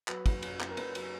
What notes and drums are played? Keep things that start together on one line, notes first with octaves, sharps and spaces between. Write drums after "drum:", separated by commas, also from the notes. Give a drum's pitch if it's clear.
F#3 B4, drum: clap
F#1, drum: kick, cymbal
F#2, drum: cymbal
F#1, drum: clap
A#4
F#1 B4, drum: cymbal
F#3, drum: cymbal